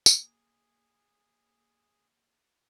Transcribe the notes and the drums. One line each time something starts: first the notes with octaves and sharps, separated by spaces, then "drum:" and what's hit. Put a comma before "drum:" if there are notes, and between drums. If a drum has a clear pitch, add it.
A#3 G#4, drum: tambourine